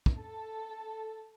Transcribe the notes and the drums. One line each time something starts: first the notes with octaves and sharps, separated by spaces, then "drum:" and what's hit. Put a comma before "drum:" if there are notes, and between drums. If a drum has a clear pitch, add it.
drum: kick
A4